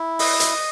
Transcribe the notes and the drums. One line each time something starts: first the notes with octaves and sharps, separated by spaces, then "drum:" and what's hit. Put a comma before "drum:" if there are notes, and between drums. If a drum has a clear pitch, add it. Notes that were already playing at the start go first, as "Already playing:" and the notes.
Already playing: E4
D#5, drum: open hi-hat
drum: hi-hat